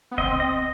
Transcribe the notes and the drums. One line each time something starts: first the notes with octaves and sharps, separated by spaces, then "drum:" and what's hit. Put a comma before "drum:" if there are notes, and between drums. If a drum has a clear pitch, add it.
B3
C4 D#5, drum: kick C#2
D#5